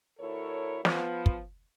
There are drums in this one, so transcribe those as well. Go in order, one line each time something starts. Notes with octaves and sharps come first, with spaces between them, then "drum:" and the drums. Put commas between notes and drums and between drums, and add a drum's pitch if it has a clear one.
D2 E4 A4 A#4 C#5
F3 B3, drum: snare
drum: kick